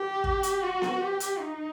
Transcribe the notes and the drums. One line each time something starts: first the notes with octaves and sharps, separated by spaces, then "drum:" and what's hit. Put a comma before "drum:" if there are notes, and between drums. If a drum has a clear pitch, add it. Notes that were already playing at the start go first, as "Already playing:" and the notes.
Already playing: G4
drum: kick
drum: hi-hat
F#4
drum: snare B3
G4
drum: hi-hat
D#4